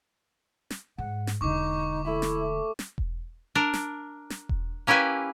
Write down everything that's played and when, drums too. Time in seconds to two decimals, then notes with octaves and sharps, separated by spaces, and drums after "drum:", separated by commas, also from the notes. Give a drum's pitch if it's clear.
0.71 drum: snare
0.98 G#2 F#5
1.27 drum: snare
1.41 E1 D3 D#4 C#6 D6
2.05 A3 E4 B5
2.22 drum: snare
2.79 drum: snare
2.98 drum: kick E1
3.55 D4 A#4
3.74 drum: snare
4.30 drum: snare
4.49 drum: kick E1
4.87 A#3 C#4 E4 G4 B4 G#5